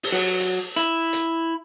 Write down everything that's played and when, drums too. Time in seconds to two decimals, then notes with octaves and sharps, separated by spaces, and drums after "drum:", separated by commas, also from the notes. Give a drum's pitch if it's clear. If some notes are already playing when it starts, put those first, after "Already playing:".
0.03 drum: open hi-hat
0.12 F#3
0.40 drum: hi-hat
0.76 E4, drum: hi-hat
1.13 drum: hi-hat